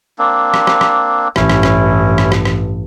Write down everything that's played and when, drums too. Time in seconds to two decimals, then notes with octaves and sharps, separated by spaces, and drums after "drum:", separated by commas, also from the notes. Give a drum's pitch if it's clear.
0.19 A#3 C4 D4
0.54 drum: rim click
0.67 drum: rim click
0.81 drum: rim click
1.36 A1 G2 C#4 E4, drum: rim click
1.50 drum: rim click
1.63 drum: rim click
2.18 drum: rim click
2.32 drum: rim click
2.45 drum: rim click